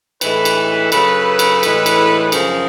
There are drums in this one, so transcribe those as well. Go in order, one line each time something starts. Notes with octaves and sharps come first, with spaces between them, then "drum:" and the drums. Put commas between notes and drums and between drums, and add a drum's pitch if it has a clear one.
A2 E3 G#3 A4 B4, drum: cymbal
drum: cymbal
F#2 C#3 F#3 A4 B4, drum: cymbal
drum: cymbal
A2 E3 G#3, drum: cymbal
drum: cymbal
F#2 C#3 F3 G#3 G#4 A#4, drum: cymbal